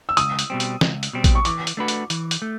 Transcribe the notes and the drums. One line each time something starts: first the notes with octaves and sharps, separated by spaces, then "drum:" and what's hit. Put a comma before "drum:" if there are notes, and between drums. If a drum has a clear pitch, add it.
E6
C#2 D#6, drum: hi-hat
drum: hi-hat
B2 G3 C4
drum: hi-hat
C#2, drum: snare
drum: hi-hat
B2 G3 C4
drum: kick A1, hi-hat
C#6
E3 D6, drum: hi-hat
drum: hi-hat
A3 D4 F#4 B4
drum: hi-hat
E3, drum: hi-hat
drum: hi-hat
A3